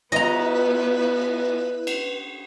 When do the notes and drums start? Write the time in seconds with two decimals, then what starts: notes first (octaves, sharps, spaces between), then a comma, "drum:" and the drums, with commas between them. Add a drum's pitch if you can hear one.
0.12 B3 E4 B4 D#5 A#5, drum: cymbal
1.87 drum: cymbal